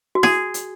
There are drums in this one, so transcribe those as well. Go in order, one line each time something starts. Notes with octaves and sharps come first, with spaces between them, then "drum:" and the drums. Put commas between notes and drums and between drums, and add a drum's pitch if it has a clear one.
F#4
G#4, drum: snare E4
drum: hi-hat